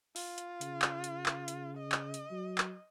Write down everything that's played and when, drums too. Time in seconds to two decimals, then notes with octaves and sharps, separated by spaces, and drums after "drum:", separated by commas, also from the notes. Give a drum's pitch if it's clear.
0.16 F4, drum: open hi-hat
0.38 drum: hi-hat
0.61 C#3, drum: hi-hat
0.82 drum: clap
1.04 drum: hi-hat
1.26 drum: clap
1.48 drum: hi-hat
1.77 D#5
1.92 drum: clap
2.14 drum: hi-hat
2.31 F#3
2.58 drum: clap